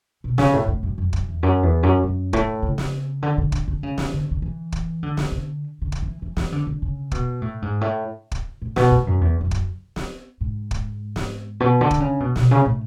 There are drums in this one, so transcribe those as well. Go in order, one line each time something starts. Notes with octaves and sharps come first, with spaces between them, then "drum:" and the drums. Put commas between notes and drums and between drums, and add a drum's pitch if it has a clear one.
B2
C#3, drum: snare
A2
A2
F#2
F#2
F#2, drum: kick
E2
F#2
E2
F#2
F#2
A2, drum: kick
C#3
drum: snare
D3
D3
D3, drum: kick
D3
C#3
drum: snare
D3
D3
E3
drum: kick
D3
drum: snare
D3
D3
drum: kick
E3
E3
E3, drum: snare
D3
D3
C#3
B2, drum: kick
A2
G#2
A2
drum: kick
A2
B2, drum: snare
A2
F#2
E2
F#2
drum: kick
drum: snare
G#2
drum: kick
drum: snare
B2
D3
drum: kick
C#3
B2
B2, drum: snare
C#3
A2